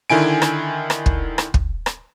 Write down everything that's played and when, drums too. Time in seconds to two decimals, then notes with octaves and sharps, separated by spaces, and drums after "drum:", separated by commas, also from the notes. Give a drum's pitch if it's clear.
0.10 D3 D#3 E4 G#5 D7
0.42 drum: rim click
0.90 drum: rim click
1.06 drum: kick
1.38 drum: rim click
1.54 drum: kick
1.86 drum: rim click